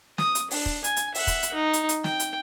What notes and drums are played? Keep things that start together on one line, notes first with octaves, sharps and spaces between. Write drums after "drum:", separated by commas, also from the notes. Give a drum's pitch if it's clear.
D#6, drum: snare
drum: hi-hat
D4, drum: open hi-hat
drum: kick
G#5, drum: hi-hat
drum: hi-hat
E5 F#5, drum: open hi-hat
drum: kick, hi-hat
drum: hi-hat
D#4
drum: hi-hat
drum: hi-hat
G5, drum: snare
drum: hi-hat